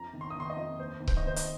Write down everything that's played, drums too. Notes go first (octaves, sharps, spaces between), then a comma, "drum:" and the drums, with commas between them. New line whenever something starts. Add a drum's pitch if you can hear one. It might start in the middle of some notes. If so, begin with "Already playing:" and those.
Already playing: F2 A#5
D#3
C6
D#6
D#3 C6
D#5
F2
D#2 C5
D#3
C5, drum: kick C#1
D#5
D#3 C5
D#5, drum: hi-hat